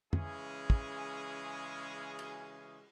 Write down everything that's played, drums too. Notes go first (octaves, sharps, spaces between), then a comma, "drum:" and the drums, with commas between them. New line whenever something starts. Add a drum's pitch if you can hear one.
C#3 E3 G#3 C#4 G#4, drum: tom F2
drum: kick
drum: cymbal